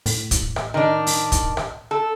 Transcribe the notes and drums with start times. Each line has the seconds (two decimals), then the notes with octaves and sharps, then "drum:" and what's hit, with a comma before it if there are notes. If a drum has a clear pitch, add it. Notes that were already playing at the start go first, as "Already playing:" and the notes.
0.06 A2, drum: open hi-hat
0.31 drum: kick, hi-hat
0.56 drum: rim click
0.74 D#3 D4
1.07 drum: open hi-hat
1.32 drum: kick, hi-hat
1.57 drum: rim click
1.91 A4